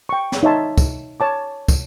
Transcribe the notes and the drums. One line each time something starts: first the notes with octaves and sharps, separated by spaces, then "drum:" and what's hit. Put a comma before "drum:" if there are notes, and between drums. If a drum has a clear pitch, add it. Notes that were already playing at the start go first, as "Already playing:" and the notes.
G5 C#6
drum: snare
D#4 C#5 D#5 E5 A5 C6
drum: kick, tambourine
C#5 A5 D6
drum: kick, tambourine